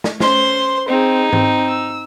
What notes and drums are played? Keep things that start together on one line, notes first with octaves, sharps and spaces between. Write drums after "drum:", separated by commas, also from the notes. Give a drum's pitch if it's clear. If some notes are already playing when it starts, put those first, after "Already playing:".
drum: snare
C#4 C5 C6, drum: snare
C4 D#4 G#4
C4, drum: tom G#2
E6